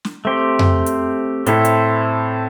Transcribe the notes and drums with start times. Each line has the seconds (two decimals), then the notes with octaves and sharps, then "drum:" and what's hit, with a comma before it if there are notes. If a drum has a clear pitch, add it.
0.05 drum: snare
0.25 A3 C4 G4 C5
0.59 drum: tom F2
0.86 drum: hi-hat
1.46 A2 C4 E4 A4 C5, drum: hi-hat
1.65 drum: hi-hat